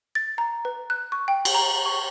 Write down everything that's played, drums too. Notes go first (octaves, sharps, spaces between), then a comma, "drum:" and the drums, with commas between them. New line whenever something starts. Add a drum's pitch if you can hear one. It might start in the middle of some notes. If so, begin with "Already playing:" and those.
A6
A#5
B4
F#6
C#6
G5
drum: cymbal
A#5
C#6